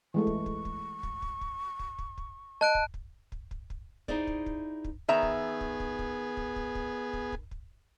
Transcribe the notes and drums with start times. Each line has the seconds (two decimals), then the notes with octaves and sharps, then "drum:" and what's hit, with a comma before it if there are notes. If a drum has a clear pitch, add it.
0.14 E3 G#3 A3 C#6
0.27 drum: kick
0.46 drum: kick
0.65 drum: kick
1.03 drum: kick
1.22 drum: kick
1.41 drum: kick
1.79 drum: kick
1.99 drum: kick
2.18 drum: kick
2.61 D#5 A5 F#6 D7
2.75 drum: kick
2.94 drum: kick
3.32 drum: kick
3.51 drum: kick
3.70 drum: kick
4.08 D#4 E4 G#4 C5 D5, drum: kick
4.27 drum: kick
4.46 drum: kick
4.84 drum: kick
5.09 D#3 B3 G#4 E5 A#5
5.23 drum: kick
5.61 drum: kick
5.80 drum: kick
5.99 drum: kick
6.37 drum: kick
6.56 drum: kick
6.75 drum: kick
7.13 drum: kick
7.32 drum: kick
7.51 drum: kick